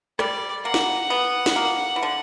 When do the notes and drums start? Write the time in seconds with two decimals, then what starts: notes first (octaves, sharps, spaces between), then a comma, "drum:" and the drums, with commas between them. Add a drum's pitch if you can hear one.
0.19 G3 D5, drum: rim click
0.65 A#3 F#5
0.74 drum: snare
1.10 B3
1.46 drum: snare
1.56 A#3
1.96 E3
2.03 D3